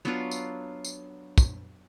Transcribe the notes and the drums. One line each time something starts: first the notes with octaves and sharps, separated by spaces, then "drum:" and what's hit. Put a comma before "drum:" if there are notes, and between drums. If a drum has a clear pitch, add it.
F#3 B3 D4 F4
drum: tambourine
drum: tambourine
drum: kick, tambourine